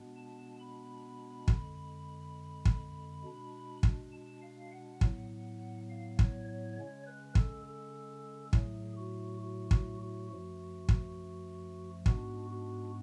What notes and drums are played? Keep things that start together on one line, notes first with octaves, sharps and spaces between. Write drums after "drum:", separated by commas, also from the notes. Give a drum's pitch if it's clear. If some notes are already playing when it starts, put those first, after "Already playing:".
Already playing: B2 G#3 B3 D4
A5
B5
F2 D3 G#3, drum: kick
drum: kick
B2 G#3 D4
drum: kick
A5
F5
F#5
A2 F#3 B3, drum: kick
F5
C#5, drum: kick
C#5
C#3 G#3 C#4 C#5
B4
A4, drum: kick
A4
A2 F#3 A3 G#4, drum: kick
F#4
F#4
F#4, drum: kick
F#4
F#2 F3 A3 F#4
drum: kick
G#2 G#3 B3 D4 F#4, drum: kick
F#4